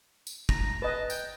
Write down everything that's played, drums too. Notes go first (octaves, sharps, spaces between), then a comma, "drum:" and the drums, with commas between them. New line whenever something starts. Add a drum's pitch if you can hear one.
drum: tambourine
A#5, drum: kick
B4 D#5 A5
G5, drum: tambourine